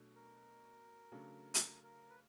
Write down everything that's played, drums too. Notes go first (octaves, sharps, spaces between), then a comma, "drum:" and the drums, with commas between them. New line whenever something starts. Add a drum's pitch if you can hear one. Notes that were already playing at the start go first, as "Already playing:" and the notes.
Already playing: B2 F#3 A3 D4
A#4
C#3 F#3 A3 D4
drum: hi-hat
A#4
B4